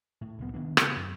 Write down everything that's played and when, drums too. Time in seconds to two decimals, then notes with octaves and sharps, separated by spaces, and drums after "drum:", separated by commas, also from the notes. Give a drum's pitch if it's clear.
0.21 A2
0.38 C2 F3 B3
0.54 D#3 B3 D4
0.77 C#3, drum: rim click
0.96 F#2